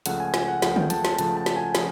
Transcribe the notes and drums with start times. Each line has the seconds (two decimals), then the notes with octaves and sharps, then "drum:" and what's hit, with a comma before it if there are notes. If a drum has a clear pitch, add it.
0.06 C#2 C#3 F3 A3 F#5, drum: hi-hat
0.20 G#5
0.34 G#5, drum: snare
0.48 F#5
0.62 C#2 C#3 F3 A3, drum: snare
0.76 G5, drum: tom D3
0.90 A5, drum: hi-hat
1.05 A5, drum: snare
1.19 C#2 C#3 F3 A3 A5, drum: hi-hat
1.37 A5
1.46 drum: snare
1.56 G#5
1.75 C#3 F3, drum: snare